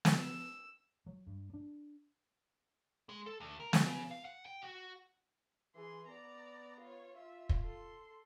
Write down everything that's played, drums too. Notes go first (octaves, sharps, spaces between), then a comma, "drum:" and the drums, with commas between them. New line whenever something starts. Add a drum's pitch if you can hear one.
drum: snare
E6
F#3
G2
D4
G#3
A4
D2
A#4
F#4, drum: snare
C#3
F5
F#5
G5
F#4
E3 G#4 C6
B3 D5 A#5
F4 C#5
F4 E5
drum: kick
A4 C6